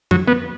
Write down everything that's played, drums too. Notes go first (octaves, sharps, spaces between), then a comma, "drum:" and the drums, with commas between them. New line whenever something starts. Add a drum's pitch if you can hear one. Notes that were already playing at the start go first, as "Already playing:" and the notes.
F#3, drum: tom F2
B3